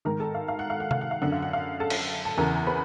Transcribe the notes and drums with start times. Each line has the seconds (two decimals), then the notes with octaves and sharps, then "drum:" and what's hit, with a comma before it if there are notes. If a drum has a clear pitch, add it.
0.05 G#2 D#3 A#4 A#5
0.20 A4 A5
0.35 F5
0.48 F5
0.59 F#5
0.70 F5
0.80 F#5
0.91 F5, drum: tom C3
1.01 F#5
1.11 F5
1.21 F#2 D3 F#5
1.32 F5
1.42 F#5
1.53 F5
1.80 A4 A5
1.90 drum: cymbal
2.25 A5
2.38 E2 C#3 E3 A#4 A#5
2.67 B4 B5